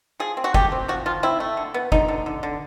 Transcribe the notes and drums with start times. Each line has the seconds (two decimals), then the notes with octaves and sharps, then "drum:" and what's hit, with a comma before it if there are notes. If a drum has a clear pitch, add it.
0.20 F3 G#4
0.37 C4
0.44 F#4
0.54 A3 G4, drum: kick
0.72 C4
0.88 F3 F#4
1.06 F3 F4
1.23 C4 E4
1.40 A3
1.57 D3
1.74 B3
1.92 D3 D#4, drum: kick
2.08 D3
2.26 D3
2.43 D3